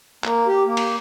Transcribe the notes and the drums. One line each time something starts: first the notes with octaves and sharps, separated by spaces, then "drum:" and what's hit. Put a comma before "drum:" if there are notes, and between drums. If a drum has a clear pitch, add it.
A#3, drum: clap
G4
A#3
drum: cymbal